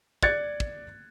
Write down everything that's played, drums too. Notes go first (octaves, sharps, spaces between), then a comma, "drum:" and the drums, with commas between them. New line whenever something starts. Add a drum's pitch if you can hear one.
D5 F#6 G#6 A6 C#7, drum: kick
drum: kick